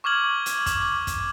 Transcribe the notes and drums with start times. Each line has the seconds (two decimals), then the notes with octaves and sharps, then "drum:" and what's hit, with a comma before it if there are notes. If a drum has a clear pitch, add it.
0.04 C#6 D6 F6 G#6 F#7
0.46 drum: hi-hat
0.66 D6, drum: kick, hi-hat
1.07 drum: kick, hi-hat